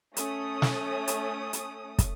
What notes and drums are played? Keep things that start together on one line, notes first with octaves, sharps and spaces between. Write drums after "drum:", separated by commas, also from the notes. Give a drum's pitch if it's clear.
A3 C#4 D#6, drum: hi-hat
drum: snare
drum: hi-hat
drum: hi-hat
drum: kick, hi-hat